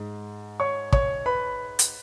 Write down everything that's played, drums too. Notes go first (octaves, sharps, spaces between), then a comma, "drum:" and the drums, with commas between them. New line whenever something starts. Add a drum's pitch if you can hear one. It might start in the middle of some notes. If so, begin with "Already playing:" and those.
Already playing: G#2 G#3
C#5 C#6
C#5 C#6, drum: kick
B4 B5
drum: hi-hat